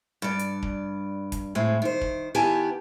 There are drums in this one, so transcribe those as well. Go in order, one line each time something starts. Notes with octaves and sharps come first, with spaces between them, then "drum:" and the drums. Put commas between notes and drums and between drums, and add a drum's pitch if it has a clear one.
G2 D5
drum: hi-hat
drum: kick
drum: kick, hi-hat
A2 G#3 C4
D#3 C5
drum: kick
D#3 B3 E4 G4 G#5 A5